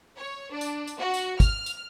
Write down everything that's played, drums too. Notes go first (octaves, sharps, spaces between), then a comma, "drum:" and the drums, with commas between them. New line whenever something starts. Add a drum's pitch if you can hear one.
C#5
D4
drum: tambourine
drum: tambourine
F#4
drum: tambourine
F6, drum: kick, tambourine
drum: tambourine